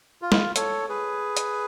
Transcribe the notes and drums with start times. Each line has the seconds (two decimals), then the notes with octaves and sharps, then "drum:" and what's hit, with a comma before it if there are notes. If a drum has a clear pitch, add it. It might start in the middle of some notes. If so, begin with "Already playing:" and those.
0.22 F4
0.32 drum: snare
0.56 A4 C#5, drum: hi-hat
0.89 G#4 B4
1.37 drum: hi-hat